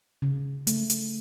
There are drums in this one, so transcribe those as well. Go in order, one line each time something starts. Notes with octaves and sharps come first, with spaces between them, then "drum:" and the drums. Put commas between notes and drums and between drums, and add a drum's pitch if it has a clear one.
C#3
A3, drum: hi-hat
drum: hi-hat